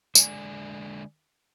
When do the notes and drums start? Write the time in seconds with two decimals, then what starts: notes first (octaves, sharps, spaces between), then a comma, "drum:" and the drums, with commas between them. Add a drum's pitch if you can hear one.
0.15 D3 G#3 D5 G#5, drum: tambourine